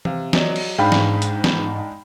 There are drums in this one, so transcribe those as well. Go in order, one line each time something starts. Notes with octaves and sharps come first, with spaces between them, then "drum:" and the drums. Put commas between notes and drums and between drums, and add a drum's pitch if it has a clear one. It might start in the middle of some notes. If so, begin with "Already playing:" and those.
C3 F5, drum: tom E3
F#3 D5 D#5, drum: snare
drum: cymbal
G#2 G#3 D4 D#4 F5 G5 B5
drum: snare
drum: hi-hat
drum: snare